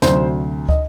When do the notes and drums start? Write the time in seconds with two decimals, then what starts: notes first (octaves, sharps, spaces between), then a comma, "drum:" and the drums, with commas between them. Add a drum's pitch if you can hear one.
0.02 D2 C3 F#3 C5, drum: snare
0.69 D#5, drum: kick